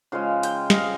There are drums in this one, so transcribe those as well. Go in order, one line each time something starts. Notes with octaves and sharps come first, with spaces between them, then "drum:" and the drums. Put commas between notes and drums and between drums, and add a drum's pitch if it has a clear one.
C#3 F3 G#3 F5
G5, drum: hi-hat
D#5 F5, drum: snare